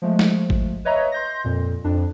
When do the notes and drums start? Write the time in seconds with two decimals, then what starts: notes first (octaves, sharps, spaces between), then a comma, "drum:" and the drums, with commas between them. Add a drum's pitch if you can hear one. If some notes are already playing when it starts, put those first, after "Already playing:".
0.02 F3 G#3 A3
0.19 drum: snare
0.50 drum: kick G#1
0.85 B4 C#5 D#5 E5 A#5
1.12 C6 G6 A#6
1.44 F2 A#2
1.84 F2 D4